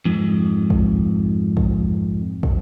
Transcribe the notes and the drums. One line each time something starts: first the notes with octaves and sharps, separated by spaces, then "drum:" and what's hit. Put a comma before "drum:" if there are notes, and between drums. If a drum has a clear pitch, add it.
F2 G#2
drum: kick
drum: kick
drum: kick